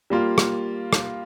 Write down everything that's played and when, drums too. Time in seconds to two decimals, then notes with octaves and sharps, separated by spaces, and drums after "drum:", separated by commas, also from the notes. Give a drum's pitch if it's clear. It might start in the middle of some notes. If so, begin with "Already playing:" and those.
0.10 G3 A#3 F4
0.38 drum: rim click
0.93 drum: rim click